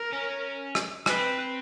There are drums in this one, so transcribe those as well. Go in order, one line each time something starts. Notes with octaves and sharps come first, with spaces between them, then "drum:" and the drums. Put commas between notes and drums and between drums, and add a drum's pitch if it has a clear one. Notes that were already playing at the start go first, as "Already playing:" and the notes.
Already playing: A#4
C#4
drum: rim click
C4 B4, drum: rim click